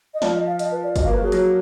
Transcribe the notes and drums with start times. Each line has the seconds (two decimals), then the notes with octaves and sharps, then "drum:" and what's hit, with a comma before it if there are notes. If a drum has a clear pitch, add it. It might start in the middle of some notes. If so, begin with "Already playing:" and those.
0.14 D#5
0.22 F3 D5, drum: snare
0.35 D#5
0.47 F5
0.59 D#5, drum: hi-hat
0.72 B4
0.83 D5
0.96 F#3 D#5, drum: kick, hi-hat
1.04 F5
1.07 A#3
1.13 B4
1.20 F#3 G#4
1.32 F#3, drum: hi-hat